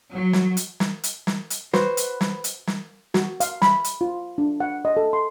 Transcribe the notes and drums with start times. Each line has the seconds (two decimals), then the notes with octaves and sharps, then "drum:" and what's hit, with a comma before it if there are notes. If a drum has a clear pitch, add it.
0.14 F#3
0.33 drum: snare
0.57 drum: hi-hat
0.80 drum: snare
1.04 drum: hi-hat
1.27 drum: snare
1.50 drum: hi-hat
1.73 F#4 B4 C5, drum: snare
1.97 drum: hi-hat
2.21 drum: snare
2.44 drum: hi-hat
2.67 drum: snare
3.14 F#4, drum: snare
3.40 F5, drum: hi-hat
3.62 B5, drum: snare
3.84 drum: hi-hat
4.01 F4
4.38 D4
4.60 F#5
4.85 D#5
4.97 A4
5.13 C6